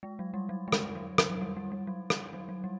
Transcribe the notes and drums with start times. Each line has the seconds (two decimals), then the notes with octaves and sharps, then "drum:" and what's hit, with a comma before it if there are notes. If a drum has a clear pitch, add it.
0.03 G#3
0.19 F#3
0.34 G3
0.49 F#3
0.68 G#3
0.72 G3, drum: rim click
0.95 F#3
1.18 drum: rim click
1.30 F#3
1.41 G3
1.57 G3
1.72 G3
1.87 F#3
2.10 G3, drum: rim click
2.33 F#3
2.49 F#3
2.64 G3